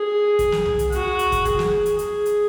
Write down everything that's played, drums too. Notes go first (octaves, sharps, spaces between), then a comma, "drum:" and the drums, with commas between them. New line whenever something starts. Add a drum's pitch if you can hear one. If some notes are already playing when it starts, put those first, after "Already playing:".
Already playing: G#4
drum: kick, hi-hat
drum: snare
drum: tom C2
drum: hi-hat
F#4, drum: hi-hat
drum: hi-hat
drum: kick, hi-hat
G#4, drum: kick, hi-hat
drum: snare
drum: hi-hat
G#4, drum: hi-hat
drum: hi-hat